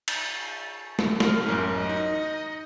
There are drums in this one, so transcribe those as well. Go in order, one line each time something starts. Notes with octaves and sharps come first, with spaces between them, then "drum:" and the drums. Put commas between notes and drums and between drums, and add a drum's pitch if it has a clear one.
drum: cymbal
drum: snare
A#4, drum: snare
A1 F#2
D#5
D#4